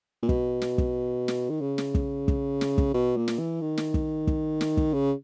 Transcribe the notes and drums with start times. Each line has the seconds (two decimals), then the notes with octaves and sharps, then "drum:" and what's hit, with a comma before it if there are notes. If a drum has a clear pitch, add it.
0.23 A#2
0.29 B2, drum: kick
0.62 drum: snare
0.78 drum: kick
1.28 drum: snare
1.50 D#3
1.61 C#3
1.78 drum: snare
1.95 drum: kick
2.28 drum: kick
2.61 drum: snare
2.78 drum: kick
2.94 B2
3.17 A#2
3.28 drum: snare
3.39 E3
3.61 D#3
3.77 drum: snare
3.94 drum: kick
4.27 drum: kick
4.61 drum: snare
4.77 drum: kick
4.94 C#3